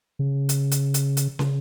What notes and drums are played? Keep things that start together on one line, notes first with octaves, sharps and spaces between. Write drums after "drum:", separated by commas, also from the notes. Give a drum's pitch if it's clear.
C#3
drum: hi-hat
drum: hi-hat
drum: hi-hat
drum: hi-hat
C#3, drum: snare